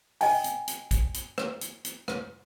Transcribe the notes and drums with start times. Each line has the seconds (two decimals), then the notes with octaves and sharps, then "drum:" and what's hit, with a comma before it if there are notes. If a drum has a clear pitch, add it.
0.21 D#5 G5 G#5, drum: open hi-hat
0.44 drum: hi-hat
0.68 drum: hi-hat
0.91 drum: kick, hi-hat
1.14 drum: hi-hat
1.38 drum: rim click
1.61 drum: hi-hat
1.85 drum: hi-hat
2.08 drum: rim click